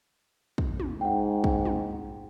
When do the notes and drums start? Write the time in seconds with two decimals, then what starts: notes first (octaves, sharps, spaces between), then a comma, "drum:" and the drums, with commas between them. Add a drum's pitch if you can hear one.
0.58 drum: kick
0.80 drum: tom
1.01 G#2 F#5 G5
1.44 drum: kick
1.65 drum: tom